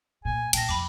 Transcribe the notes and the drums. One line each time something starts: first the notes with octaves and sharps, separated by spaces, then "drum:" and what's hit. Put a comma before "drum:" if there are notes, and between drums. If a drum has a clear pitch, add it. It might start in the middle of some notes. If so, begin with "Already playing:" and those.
A#2 G#5
A#2 G5 A5 A#6, drum: cymbal
F2 B5 D6